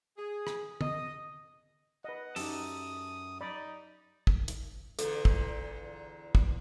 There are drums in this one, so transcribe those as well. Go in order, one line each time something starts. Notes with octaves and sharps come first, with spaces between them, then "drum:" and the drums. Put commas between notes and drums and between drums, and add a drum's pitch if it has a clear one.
G#4
drum: rim click
D#5, drum: tom
B4 D#5 F#5
F#2 D#4 G4 A4 D#6, drum: open hi-hat
D#4 D5 B5
drum: kick
drum: hi-hat
E2 A#2 D3 A4, drum: hi-hat
drum: kick
drum: kick